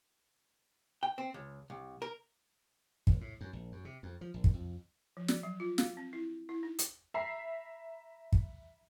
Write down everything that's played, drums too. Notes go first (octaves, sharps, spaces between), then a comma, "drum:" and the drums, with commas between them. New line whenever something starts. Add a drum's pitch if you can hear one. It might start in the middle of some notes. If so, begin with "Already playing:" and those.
G5
C4
C#2
C2
A#4
G#1, drum: kick
A2
F#2
A#1
F#2
C3
F2
F3
A#1
drum: kick
F2
F3
D5, drum: snare
F#3
F4
F5, drum: snare
C4
E4
E4
D#4
drum: hi-hat
E5 A#5 B5 C7
drum: kick